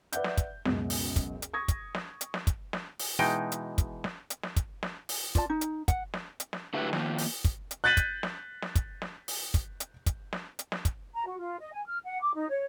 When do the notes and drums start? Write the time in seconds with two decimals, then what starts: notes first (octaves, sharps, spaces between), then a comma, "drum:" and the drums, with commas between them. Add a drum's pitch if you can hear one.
0.12 B4 D5 E5 F#5 G6, drum: hi-hat
0.24 drum: snare
0.37 drum: kick, hi-hat
0.65 C#2 F#2 B2, drum: snare
0.90 drum: open hi-hat
1.16 drum: kick, hi-hat
1.42 drum: hi-hat
1.53 C#6 D#6 G#6 A#6
1.68 drum: kick, hi-hat
1.95 drum: snare
2.21 drum: hi-hat
2.34 drum: snare
2.47 drum: kick, hi-hat
2.73 drum: snare
2.99 drum: open hi-hat
3.19 B2 E3 G#3 D#4 G5
3.52 drum: hi-hat
3.78 drum: kick, hi-hat
4.04 drum: snare
4.30 drum: hi-hat
4.43 drum: snare
4.56 drum: kick, hi-hat
4.83 drum: snare
5.09 drum: open hi-hat
5.35 F4 D5 A5, drum: kick, hi-hat
5.50 D#4
5.61 drum: hi-hat
5.88 F#5, drum: kick, hi-hat
6.14 drum: snare
6.40 drum: hi-hat
6.53 drum: snare
6.74 D3 F#3 A3 E4 G4 B4
6.93 D#3 F3 A#3, drum: snare
7.18 drum: open hi-hat
7.44 drum: kick, hi-hat
7.71 drum: hi-hat
7.84 F#6 G6 A6 B6 D#7 F#7
7.97 drum: kick, hi-hat
8.23 drum: snare
8.62 drum: snare
8.75 drum: kick, hi-hat
9.02 drum: snare
9.28 drum: open hi-hat
9.54 drum: kick, hi-hat
9.80 drum: hi-hat
10.06 drum: kick, hi-hat
10.33 drum: snare
10.59 drum: hi-hat
10.72 drum: snare
10.85 drum: kick, hi-hat
11.15 A#5
11.27 F#4
11.39 F4
11.60 D#5
11.73 G#5
11.86 F6
12.05 F#5
12.21 D6
12.35 D#4
12.50 C#5